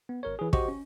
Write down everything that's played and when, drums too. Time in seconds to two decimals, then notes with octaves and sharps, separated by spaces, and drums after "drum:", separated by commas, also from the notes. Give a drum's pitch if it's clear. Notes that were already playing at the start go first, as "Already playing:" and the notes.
0.09 B3
0.23 G#1 A#4 C#5
0.39 E3 G#4
0.53 F#4 G4 C5 D#5 C#6, drum: kick
0.68 C#4